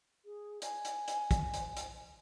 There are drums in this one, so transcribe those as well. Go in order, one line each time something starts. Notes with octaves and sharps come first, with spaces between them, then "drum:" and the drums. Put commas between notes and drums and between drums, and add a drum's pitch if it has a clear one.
G#4
G#5, drum: hi-hat
drum: hi-hat
drum: hi-hat
drum: kick, hi-hat
drum: hi-hat
drum: hi-hat